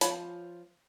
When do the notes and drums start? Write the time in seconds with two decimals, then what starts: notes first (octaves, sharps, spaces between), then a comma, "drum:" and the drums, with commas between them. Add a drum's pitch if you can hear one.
0.01 F3 F4 C#5 A5 B5, drum: hi-hat